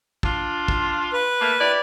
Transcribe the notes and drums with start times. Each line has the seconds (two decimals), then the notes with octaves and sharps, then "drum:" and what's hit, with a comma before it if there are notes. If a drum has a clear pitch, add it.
0.23 D4 F4, drum: kick
0.68 drum: kick
1.13 B4
1.40 A3 A#3
1.60 E4 G4 D5